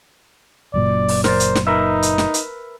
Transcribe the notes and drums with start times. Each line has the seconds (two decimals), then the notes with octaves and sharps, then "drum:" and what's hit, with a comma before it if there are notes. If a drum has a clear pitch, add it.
0.74 F#1 F#2 A#2 D5
1.08 drum: open hi-hat
1.24 A#4 C5 D5, drum: snare
1.40 drum: hi-hat
1.55 drum: snare
1.67 D#4 A#4 B4 E5
2.02 drum: hi-hat
2.18 drum: snare
2.34 drum: hi-hat